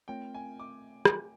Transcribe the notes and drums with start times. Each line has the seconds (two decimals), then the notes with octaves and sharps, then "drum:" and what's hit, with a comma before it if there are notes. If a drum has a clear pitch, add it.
0.08 A3 C4 F4 A#4 C#5 G5
0.34 G#5
0.60 D6
1.05 drum: rim click